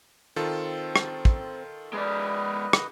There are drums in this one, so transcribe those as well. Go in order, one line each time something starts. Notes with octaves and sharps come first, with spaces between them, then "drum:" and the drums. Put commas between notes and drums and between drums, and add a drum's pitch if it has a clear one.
D#3 C4 F4 A4
drum: rim click
drum: kick
G#3 B4 D5 D#5
drum: rim click